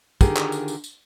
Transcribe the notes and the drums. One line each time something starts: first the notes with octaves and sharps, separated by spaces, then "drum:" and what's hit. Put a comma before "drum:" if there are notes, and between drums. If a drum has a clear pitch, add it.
D3 D#3 F4 G4 G#4 A#4, drum: kick, tambourine
drum: clap
drum: tambourine
drum: tambourine
drum: tambourine